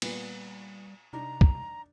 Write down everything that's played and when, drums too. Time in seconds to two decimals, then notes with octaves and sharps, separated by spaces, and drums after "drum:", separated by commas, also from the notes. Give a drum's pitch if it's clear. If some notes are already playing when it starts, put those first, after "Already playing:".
0.02 A#2 G3 B3, drum: cymbal
1.13 C3 D4 D#4 A#5
1.41 drum: kick